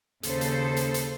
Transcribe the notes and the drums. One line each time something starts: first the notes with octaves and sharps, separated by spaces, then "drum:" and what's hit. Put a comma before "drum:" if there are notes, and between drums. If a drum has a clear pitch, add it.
D#2 C#3 A4 C5, drum: hi-hat
drum: hi-hat
drum: hi-hat
drum: hi-hat